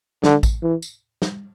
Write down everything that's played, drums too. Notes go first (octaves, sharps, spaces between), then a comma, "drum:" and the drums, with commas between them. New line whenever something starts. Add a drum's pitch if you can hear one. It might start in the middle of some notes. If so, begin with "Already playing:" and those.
D3, drum: snare
drum: kick, tambourine
E3
drum: tambourine
drum: snare